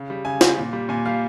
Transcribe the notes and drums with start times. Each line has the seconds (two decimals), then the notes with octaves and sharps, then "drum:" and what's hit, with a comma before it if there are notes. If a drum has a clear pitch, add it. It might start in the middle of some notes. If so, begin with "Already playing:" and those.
Already playing: C#3
0.10 G3
0.25 C#3 G#5
0.41 G3, drum: snare
0.58 A#2
0.73 G3
0.89 A#2 G#5
1.06 G3 F5